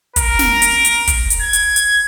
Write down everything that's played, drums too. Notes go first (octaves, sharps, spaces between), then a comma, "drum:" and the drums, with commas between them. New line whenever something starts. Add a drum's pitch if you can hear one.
A#4, drum: kick, hi-hat
drum: snare
drum: hi-hat
drum: hi-hat
drum: kick, hi-hat
drum: hi-hat
G#6
drum: hi-hat
drum: hi-hat